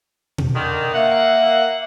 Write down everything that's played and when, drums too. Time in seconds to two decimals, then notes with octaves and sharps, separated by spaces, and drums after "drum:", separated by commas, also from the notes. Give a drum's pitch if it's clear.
0.38 drum: tom B2
0.55 D3 D#3
0.93 A#3 E5 F#5